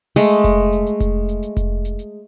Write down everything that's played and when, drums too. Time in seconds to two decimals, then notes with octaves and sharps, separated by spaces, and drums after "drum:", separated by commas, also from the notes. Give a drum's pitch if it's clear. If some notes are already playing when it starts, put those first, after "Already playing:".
0.16 G#3 A3
0.30 drum: hi-hat
0.44 drum: kick F1, hi-hat
0.72 drum: hi-hat
0.86 drum: hi-hat
1.00 drum: kick F1, hi-hat
1.29 drum: hi-hat
1.43 drum: hi-hat
1.57 drum: kick F1, hi-hat
1.85 drum: hi-hat
1.99 drum: hi-hat